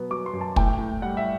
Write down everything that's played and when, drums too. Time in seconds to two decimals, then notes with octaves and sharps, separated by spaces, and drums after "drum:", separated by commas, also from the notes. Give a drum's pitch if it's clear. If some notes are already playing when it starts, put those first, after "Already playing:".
Already playing: B2 F#3 B3
0.10 F#3 D6
0.26 C6
0.33 F#2
0.41 A5
0.56 A2 G5, drum: kick
0.79 A2
1.02 G3 F#5
1.17 E5